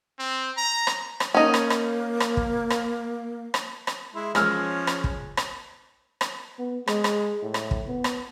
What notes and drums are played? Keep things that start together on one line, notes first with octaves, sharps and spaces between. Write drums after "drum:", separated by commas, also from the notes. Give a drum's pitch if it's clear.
C4
A#5
drum: rim click
drum: rim click
A#3 C#4 D#4
drum: rim click
drum: rim click
drum: rim click
drum: kick
drum: rim click
drum: rim click
drum: rim click
G#3 E4 C6
F3 G#3 C#4 E6 F6, drum: rim click
drum: rim click
drum: kick
drum: rim click
drum: rim click
B3
G#3, drum: rim click
drum: rim click
A2
drum: rim click
drum: kick
B3
drum: rim click